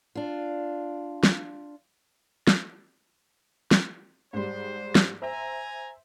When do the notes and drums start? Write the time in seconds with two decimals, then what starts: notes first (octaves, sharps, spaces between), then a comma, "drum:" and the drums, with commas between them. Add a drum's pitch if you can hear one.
0.15 D4 F4
1.23 drum: snare
2.47 drum: snare
3.71 drum: snare
4.33 G#2 G3 C5
4.95 drum: snare
5.22 C5 E5 G#5 A#5